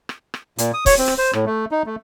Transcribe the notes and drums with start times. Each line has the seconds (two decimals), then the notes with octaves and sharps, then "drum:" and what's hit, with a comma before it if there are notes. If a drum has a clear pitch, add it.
0.09 drum: rim click
0.34 drum: rim click
0.58 A#2, drum: hi-hat
0.74 D#6
0.86 C#5, drum: kick, open hi-hat
0.98 C4
1.08 drum: rim click
1.18 C5
1.33 A2, drum: rim click
1.46 A3
1.71 D#4
1.86 A3